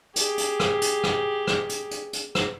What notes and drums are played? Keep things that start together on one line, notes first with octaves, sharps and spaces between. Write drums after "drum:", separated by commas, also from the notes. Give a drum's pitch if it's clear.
G4 G#4, drum: hi-hat
drum: hi-hat
drum: rim click
drum: hi-hat
drum: rim click
drum: rim click
drum: hi-hat
drum: hi-hat
drum: hi-hat
drum: rim click